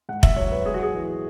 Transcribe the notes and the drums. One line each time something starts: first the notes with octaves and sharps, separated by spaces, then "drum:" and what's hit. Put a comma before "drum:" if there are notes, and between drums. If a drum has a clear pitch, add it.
G#2 F#5
E5, drum: kick F1
F#3 C#5
B4
G#3 G#4
F#4
G#4
E3